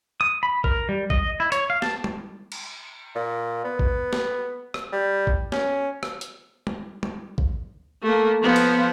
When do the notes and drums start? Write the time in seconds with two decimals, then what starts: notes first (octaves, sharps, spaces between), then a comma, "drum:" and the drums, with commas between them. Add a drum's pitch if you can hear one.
0.21 D#6
0.43 B5
0.64 A#4, drum: kick
0.89 G3
1.10 D#5, drum: kick
1.40 E4
1.52 C#5, drum: hi-hat
1.70 F5
1.82 A5, drum: snare
2.04 drum: tom G3
2.52 drum: cymbal
3.15 A#2
3.64 B3
3.79 drum: kick
4.13 drum: snare
4.74 drum: rim click
4.92 G3
5.27 drum: kick
5.52 C#4, drum: snare
6.03 drum: rim click
6.21 drum: hi-hat
6.67 drum: tom G3
7.03 drum: tom G3
7.38 drum: kick
8.03 A3 A#3
8.42 F3 B3
8.56 drum: cymbal